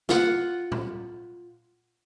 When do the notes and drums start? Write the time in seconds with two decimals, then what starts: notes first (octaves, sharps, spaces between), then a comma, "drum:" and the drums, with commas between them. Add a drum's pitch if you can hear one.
0.09 F4 F#5, drum: snare
0.72 drum: tom A#2